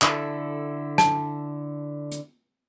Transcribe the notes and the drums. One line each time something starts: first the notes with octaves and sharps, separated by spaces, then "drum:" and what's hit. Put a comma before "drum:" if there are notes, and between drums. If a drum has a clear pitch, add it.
D3 E4 A4, drum: clap
A5, drum: snare
drum: hi-hat